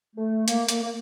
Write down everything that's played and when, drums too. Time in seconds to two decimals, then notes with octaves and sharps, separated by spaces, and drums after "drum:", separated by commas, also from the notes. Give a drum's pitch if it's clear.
0.16 A3
0.48 A#3, drum: hi-hat
0.69 A#3, drum: hi-hat
0.83 A#3